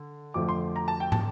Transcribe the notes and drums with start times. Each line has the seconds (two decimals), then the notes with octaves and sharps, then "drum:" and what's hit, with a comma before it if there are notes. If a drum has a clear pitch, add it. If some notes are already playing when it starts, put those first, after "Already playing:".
Already playing: D3
0.34 F2 D3 F3 A3 D6
0.49 C6
0.76 A#5
0.88 A5
1.00 G5
1.12 A5, drum: tom